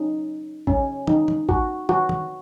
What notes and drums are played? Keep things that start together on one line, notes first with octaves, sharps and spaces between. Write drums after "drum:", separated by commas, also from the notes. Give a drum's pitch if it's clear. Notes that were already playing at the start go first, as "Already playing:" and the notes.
Already playing: F#3 C#4 D#4
C#4, drum: kick A1
D#4, drum: tom
drum: tom
F#4, drum: kick A1
F#4, drum: tom
drum: tom